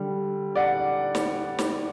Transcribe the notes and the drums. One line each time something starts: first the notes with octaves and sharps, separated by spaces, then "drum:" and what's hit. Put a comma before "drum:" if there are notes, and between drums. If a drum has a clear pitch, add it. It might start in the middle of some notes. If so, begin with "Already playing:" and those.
Already playing: D3 G3
D5 F#5
drum: snare
drum: snare